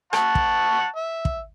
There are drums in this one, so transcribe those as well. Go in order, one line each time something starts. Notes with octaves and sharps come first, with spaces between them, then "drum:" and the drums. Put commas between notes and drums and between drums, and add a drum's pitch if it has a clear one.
F#5 A5 C#6, drum: rim click
drum: kick
E5
drum: kick